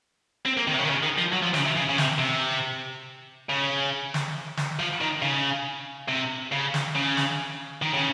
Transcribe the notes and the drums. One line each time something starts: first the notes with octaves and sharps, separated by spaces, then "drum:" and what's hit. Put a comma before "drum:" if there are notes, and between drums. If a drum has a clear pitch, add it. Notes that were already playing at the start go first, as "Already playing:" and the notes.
C4
A#3
D#3
C3
C#3
D#3
C#3
D#3
F3
F#3
F3
C#3, drum: snare
C3
C#3
C#3
C3, drum: snare
C3
C#3
drum: snare
drum: snare
F3
D#3
C#3
C3
C#3
drum: snare
C#3
drum: snare
D#3
C#3